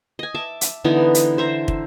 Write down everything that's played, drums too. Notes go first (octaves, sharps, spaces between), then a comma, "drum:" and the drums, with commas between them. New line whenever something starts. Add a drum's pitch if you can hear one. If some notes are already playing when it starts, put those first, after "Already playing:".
D#5 G#5
E5 A5 D6
drum: hi-hat
D3 E3 B3 D#4
drum: hi-hat
C5 E5 A#5
drum: kick